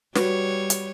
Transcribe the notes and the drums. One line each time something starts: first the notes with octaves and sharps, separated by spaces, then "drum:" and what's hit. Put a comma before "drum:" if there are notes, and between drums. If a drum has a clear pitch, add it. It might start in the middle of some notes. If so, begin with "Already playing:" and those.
G3 F#4 B4 C#5, drum: snare
drum: hi-hat